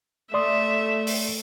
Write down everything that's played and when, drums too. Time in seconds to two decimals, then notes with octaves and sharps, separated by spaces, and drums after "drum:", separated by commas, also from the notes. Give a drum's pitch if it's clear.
0.34 A3 D5 E5 C6 D#6
1.07 drum: open hi-hat